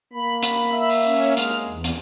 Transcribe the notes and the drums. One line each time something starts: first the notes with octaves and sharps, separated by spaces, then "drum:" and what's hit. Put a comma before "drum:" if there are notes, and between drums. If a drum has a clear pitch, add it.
A#3 B5
drum: hi-hat
E5
drum: open hi-hat
C#4
G#3 F6, drum: hi-hat
E2
drum: hi-hat